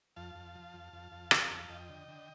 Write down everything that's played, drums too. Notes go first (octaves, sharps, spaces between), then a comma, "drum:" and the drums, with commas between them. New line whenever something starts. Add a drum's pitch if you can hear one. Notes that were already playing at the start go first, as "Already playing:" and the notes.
F2 F5 A5
F2
F3
F2
F2
F2
D3, drum: rim click
F2
F2 D#5 G5
D3
D3